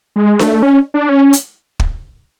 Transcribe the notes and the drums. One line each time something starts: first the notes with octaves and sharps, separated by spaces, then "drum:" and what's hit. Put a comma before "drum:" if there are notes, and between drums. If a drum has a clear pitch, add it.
G#3
A3, drum: snare D4
C#4
D4
C#4
drum: hi-hat
drum: kick